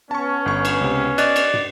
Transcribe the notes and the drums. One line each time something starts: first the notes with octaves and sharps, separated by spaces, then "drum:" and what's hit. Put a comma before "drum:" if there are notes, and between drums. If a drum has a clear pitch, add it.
B3 C#4 A5 C#6
G1 C#6
drum: cymbal
C#2 C3
D5 D#5 F#6, drum: cymbal
drum: cymbal
drum: tom